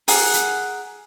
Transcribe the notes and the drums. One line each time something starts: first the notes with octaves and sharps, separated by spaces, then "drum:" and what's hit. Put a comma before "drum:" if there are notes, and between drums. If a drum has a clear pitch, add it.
G#4 A#4 F#5, drum: open hi-hat
drum: hi-hat